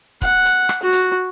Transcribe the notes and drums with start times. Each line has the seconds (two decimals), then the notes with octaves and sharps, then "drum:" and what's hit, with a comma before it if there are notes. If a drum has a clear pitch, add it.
0.22 F#5, drum: kick, hi-hat
0.45 drum: hi-hat
0.69 drum: rim click
0.82 F#4
0.93 drum: hi-hat